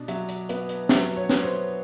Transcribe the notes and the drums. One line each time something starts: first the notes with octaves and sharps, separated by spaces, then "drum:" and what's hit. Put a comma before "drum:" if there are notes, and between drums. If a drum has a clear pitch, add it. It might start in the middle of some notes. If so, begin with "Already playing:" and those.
Already playing: B2 D4
F#3 E5, drum: hi-hat
drum: hi-hat
B3, drum: hi-hat
drum: hi-hat
F#3 E5, drum: snare
C#5
B3, drum: snare
C#5
C5